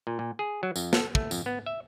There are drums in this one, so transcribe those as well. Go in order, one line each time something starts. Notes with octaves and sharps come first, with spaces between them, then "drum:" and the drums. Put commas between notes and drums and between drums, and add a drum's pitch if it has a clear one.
A#2
A#2
G#4
F#3
F2, drum: tambourine
A4, drum: snare
A3, drum: kick
F2, drum: tambourine
B3
E5